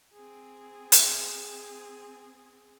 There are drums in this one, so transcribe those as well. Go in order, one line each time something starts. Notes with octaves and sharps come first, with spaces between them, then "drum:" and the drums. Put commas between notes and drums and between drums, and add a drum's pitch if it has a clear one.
C4 G#4
drum: hi-hat